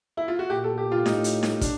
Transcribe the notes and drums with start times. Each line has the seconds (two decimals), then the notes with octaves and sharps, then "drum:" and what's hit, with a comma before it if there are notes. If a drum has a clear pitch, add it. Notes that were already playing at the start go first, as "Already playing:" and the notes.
0.17 E4
0.28 F4
0.39 F#4
0.50 A#2 G4
0.64 A4
0.78 G4
0.92 F4
1.06 A2 D#4, drum: snare D#4
1.24 drum: hi-hat
1.43 drum: snare D#4
1.61 D4, drum: kick, hi-hat